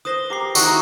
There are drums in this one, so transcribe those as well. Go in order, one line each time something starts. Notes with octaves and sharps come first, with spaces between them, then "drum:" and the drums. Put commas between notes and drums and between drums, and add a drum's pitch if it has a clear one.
B4 C5 C6 D#6 A#6 G7
G4 A#4 D6 C7
D#3 G#3 E4 F#4 D#5 A#5 C6 E6, drum: tambourine